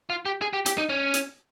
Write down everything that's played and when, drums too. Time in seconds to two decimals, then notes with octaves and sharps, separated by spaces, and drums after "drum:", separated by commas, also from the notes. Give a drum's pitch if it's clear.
0.10 F4
0.26 G4
0.42 G#4
0.53 G4
0.66 G4, drum: hi-hat
0.78 D#4
0.89 C#4
1.14 drum: hi-hat